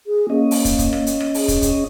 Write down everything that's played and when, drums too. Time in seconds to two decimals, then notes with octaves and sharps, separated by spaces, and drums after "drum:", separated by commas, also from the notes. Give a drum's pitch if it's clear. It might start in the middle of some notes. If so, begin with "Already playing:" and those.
0.07 G#4
0.30 A#3 C#4 D#5
0.51 drum: open hi-hat
0.65 drum: kick, hi-hat
0.79 drum: kick, hi-hat
0.93 drum: rim click
1.07 drum: hi-hat
1.20 drum: rim click
1.34 G#4, drum: open hi-hat
1.48 drum: kick, hi-hat
1.62 drum: kick, hi-hat